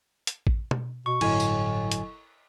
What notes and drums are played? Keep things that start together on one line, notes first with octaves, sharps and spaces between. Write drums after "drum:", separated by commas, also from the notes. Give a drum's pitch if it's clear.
drum: hi-hat
drum: kick A1
drum: tom
B2 C#6
G1 A2 F#3 E4 A4 D#5 G#5, drum: cymbal
drum: tambourine
drum: hi-hat